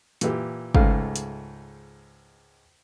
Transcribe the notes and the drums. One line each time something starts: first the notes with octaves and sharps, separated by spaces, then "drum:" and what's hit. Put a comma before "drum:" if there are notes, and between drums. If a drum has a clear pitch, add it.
A#2 E3 G4, drum: hi-hat
C#2 G#2 A3 F5, drum: kick
drum: hi-hat